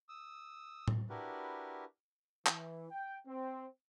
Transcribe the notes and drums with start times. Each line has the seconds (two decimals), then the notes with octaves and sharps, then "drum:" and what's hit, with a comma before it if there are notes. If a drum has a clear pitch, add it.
0.09 D#6 E6
0.88 drum: tom A2
1.10 D4 E4 F#4 G4 A#4 B4
2.46 E3, drum: clap
2.91 G5
3.27 C4